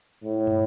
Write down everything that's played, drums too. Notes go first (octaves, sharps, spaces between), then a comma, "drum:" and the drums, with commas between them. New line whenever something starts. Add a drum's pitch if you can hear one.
A2
drum: tom